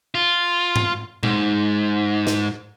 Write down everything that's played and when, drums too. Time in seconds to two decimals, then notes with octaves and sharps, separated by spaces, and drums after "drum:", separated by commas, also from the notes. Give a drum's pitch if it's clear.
0.15 F4
0.76 drum: tom G#2
1.23 G#2, drum: tom A#2
2.27 drum: snare